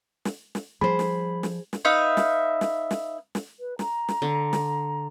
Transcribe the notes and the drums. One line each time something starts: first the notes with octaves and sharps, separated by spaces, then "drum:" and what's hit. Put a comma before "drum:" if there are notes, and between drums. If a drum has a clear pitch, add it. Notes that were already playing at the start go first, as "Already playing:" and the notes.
drum: snare
drum: snare
F3 G3 G#4 C5 B5
drum: snare
drum: snare
drum: snare
D#4 B4 E5 F5
drum: snare
drum: snare
drum: snare
drum: snare
B4
A#5, drum: snare
drum: snare
D3
drum: snare